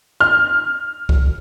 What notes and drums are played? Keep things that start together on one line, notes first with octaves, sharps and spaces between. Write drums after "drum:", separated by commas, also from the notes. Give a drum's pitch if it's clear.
F6
drum: kick C2